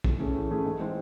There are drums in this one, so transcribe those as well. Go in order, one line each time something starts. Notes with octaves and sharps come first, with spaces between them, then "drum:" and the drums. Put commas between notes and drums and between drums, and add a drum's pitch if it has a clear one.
A2, drum: kick
E3 A3 C#4 G#4
A2
E3 A3 C#4 G#4
G#2
E3 G#3 C4